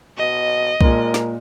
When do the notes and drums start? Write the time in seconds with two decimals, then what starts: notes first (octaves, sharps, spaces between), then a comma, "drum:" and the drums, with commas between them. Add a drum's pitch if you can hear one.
0.18 B2 D#5
0.81 A#2 G#3 A#4, drum: kick B1
1.14 drum: snare